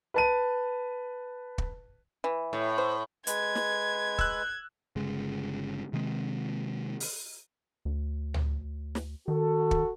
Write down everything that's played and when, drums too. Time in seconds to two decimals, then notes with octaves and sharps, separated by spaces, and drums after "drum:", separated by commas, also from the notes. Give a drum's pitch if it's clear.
0.14 B4 A5 D#7
1.58 drum: kick
2.24 E3
2.53 A2
2.78 C5
3.27 G#3 B4 G#6, drum: hi-hat
3.55 drum: snare
4.18 E6 F#6, drum: kick
4.96 G1 C#3 G#3
5.93 C3 D#3 G#3 C4
7.00 drum: open hi-hat
7.85 D2
8.34 drum: tom C#2
8.95 drum: snare
9.28 D#3 F#4 A4
9.71 drum: kick